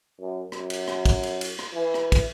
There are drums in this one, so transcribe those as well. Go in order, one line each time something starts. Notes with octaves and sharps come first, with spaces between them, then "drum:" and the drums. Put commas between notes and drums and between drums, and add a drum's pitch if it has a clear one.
F#2
F#2, drum: rim click
drum: cymbal
drum: rim click
drum: kick, cymbal
drum: cymbal
drum: cymbal
drum: rim click
E3
drum: rim click
drum: kick, cymbal